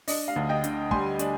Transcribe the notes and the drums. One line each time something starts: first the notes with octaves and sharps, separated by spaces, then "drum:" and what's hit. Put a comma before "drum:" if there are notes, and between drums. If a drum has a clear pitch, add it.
D4 D#5, drum: open hi-hat
F5
D2
D#5 G5
D3, drum: hi-hat
G3 G#5 C6, drum: kick
D4, drum: hi-hat